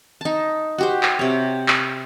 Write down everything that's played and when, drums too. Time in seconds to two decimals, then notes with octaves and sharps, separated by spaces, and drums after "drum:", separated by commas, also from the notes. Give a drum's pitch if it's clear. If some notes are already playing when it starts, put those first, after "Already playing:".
0.21 D#4 A5
0.78 F#4 G4 C5
1.03 drum: clap
1.19 C3 C#5
1.68 drum: clap